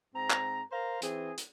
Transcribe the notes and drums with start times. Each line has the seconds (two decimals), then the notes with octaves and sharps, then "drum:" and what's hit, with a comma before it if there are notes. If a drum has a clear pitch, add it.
0.15 G#2 C4 A#5
0.30 drum: clap
0.72 A#4 C5 F5 A#5
1.02 E3 C4 G#4, drum: hi-hat
1.38 drum: hi-hat